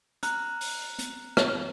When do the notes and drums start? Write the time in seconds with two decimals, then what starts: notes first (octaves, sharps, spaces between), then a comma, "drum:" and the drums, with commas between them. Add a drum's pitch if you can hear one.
0.23 A#5 F6 F#6, drum: hi-hat
0.61 drum: open hi-hat
0.99 drum: hi-hat
1.37 drum: rim click